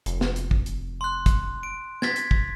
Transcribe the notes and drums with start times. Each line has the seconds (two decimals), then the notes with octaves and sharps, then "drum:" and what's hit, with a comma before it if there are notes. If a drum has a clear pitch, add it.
0.06 F1, drum: hi-hat
0.21 drum: snare
0.36 drum: hi-hat
0.51 drum: kick
0.66 drum: hi-hat
1.01 C6 F#6
1.26 drum: kick, hi-hat
1.63 D7
2.02 G#6 A6 B6, drum: snare
2.16 drum: hi-hat
2.31 drum: kick